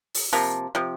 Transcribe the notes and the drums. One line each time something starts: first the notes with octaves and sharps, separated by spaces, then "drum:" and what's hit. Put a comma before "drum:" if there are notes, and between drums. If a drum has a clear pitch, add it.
drum: open hi-hat
C3 F3 A#3
C3 F3